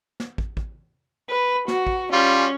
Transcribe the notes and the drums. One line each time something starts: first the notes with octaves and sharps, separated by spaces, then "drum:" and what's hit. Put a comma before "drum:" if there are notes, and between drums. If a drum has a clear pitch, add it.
drum: snare
drum: kick
drum: kick
B4
F#4, drum: snare
drum: kick
G3 C#4 F4